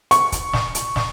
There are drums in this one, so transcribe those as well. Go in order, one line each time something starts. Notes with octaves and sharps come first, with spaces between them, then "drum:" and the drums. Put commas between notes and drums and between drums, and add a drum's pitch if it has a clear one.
C#6, drum: hi-hat
drum: kick, hi-hat
drum: snare
drum: hi-hat
drum: snare